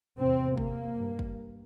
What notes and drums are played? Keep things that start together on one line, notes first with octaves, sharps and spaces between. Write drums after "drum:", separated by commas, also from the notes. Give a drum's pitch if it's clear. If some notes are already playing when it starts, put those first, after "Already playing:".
E2 C3 C4
A#3, drum: kick
G2
drum: kick